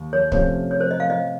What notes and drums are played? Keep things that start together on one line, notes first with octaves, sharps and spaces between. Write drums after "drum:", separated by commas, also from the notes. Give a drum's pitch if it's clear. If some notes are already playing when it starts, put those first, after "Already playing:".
Already playing: D#2
C#5
C3 F3 A3 C#4 C#5, drum: kick
C#5
C5
D#5
F5
D#5